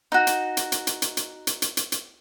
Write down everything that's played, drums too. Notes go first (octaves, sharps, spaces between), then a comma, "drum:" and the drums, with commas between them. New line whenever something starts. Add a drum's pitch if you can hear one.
D#4 F#4
drum: hi-hat
drum: hi-hat
drum: hi-hat
drum: hi-hat
drum: hi-hat
drum: hi-hat
drum: hi-hat
drum: hi-hat
drum: hi-hat
drum: hi-hat